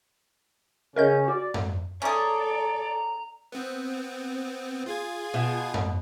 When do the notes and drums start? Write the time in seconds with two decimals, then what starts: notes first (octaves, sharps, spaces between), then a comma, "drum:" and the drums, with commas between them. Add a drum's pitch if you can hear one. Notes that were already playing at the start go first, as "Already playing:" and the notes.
0.96 C#3 C#4 A#4 D#5 G6
1.28 F#4 D5
1.54 drum: tom F#2
2.02 C#4 G#4 A4 D5 A#5
3.52 B3 C4
4.86 F4 G#4 G#6
5.34 B2
5.74 drum: tom F#2